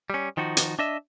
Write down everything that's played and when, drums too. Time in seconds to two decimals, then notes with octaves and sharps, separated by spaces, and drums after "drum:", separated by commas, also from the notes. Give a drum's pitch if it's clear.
0.10 G3 C#4
0.37 D#3 F3 D#4 F#4
0.57 drum: hi-hat
0.79 D4 D#5 E5